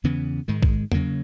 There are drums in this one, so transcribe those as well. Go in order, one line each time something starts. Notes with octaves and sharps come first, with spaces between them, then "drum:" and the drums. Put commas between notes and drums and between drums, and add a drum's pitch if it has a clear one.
E2 C#3 E3 B3
G#2 D#3 G#3
drum: kick
C#3 F#3 A#3, drum: tom E2